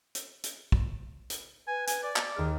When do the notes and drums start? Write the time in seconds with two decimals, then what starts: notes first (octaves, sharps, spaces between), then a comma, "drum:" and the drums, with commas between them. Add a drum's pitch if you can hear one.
0.15 drum: hi-hat
0.44 drum: hi-hat
0.72 drum: kick
1.30 drum: hi-hat
1.68 B4 G#5
1.87 G#5, drum: hi-hat
2.04 D5
2.16 drum: clap
2.36 D#2 G#4 F6